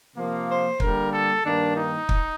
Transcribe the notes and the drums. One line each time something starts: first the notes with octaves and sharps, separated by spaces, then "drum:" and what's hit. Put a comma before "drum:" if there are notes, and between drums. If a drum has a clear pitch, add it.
C3 F3 A#3
C5
D3 G3 A#3 A#4, drum: kick
A4
G2 D#3 A#3 D4
D#4
drum: kick